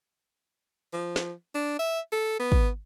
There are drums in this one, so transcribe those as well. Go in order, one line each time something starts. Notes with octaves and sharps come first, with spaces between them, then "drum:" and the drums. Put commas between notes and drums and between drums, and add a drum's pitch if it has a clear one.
F3
drum: snare
D4
E5
A4
B3
drum: kick